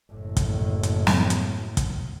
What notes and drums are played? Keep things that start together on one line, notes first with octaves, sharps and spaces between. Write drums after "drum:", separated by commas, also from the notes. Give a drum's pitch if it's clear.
F#1 A2
drum: kick, hi-hat
drum: hi-hat
drum: snare
drum: hi-hat
drum: kick, hi-hat